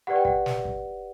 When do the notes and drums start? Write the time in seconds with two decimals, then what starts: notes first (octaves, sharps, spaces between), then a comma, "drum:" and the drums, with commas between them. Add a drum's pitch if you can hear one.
0.07 G4 B4 D5 F#5
0.16 G5
0.25 F#5, drum: kick
0.46 drum: snare
0.65 drum: kick